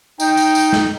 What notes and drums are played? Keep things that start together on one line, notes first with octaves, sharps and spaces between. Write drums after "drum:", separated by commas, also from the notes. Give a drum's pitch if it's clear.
D#4 G5, drum: tambourine
drum: tambourine
drum: tambourine
drum: snare